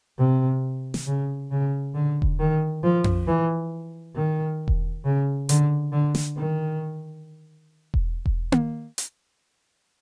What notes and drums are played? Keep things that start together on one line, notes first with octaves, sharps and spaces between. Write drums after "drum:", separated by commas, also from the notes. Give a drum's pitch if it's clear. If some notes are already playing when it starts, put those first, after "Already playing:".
C3
drum: snare
C#3
C#3
D3
drum: kick E1
D#3
F3
drum: tom F2
E3
D#3
drum: kick E1
C#3
D3, drum: hi-hat
D3
drum: snare
D#3
drum: kick E1
drum: kick E1
drum: tom A#3
drum: hi-hat